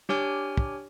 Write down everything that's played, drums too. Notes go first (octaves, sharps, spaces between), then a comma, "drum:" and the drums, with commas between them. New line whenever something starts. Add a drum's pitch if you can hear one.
D4 G4 C#5 G#5 F6, drum: snare
drum: kick